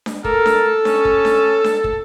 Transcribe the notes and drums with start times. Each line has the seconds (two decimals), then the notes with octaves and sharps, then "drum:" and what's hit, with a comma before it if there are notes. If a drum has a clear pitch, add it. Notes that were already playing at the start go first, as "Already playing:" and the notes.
0.06 drum: snare D4
0.24 A4 A#4, drum: kick
0.46 drum: snare D4
0.85 C#4, drum: snare D4
1.05 drum: kick
1.25 drum: snare D4
1.64 drum: snare D4
1.84 drum: kick